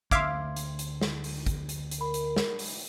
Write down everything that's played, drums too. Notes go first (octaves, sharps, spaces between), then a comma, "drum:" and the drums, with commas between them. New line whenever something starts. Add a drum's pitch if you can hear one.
D2 E5 F5 C6 D6 G#6, drum: kick
drum: hi-hat
drum: hi-hat
drum: snare
drum: open hi-hat
drum: kick, hi-hat
drum: hi-hat
drum: hi-hat
A#4 B5
drum: hi-hat
drum: snare
drum: open hi-hat